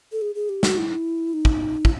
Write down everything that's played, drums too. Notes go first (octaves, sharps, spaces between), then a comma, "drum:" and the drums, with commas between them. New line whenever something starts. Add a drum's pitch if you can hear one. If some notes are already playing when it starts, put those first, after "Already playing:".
A4
G#4
G#4
G4
F#4, drum: snare
E4
D#4
drum: kick
E4, drum: kick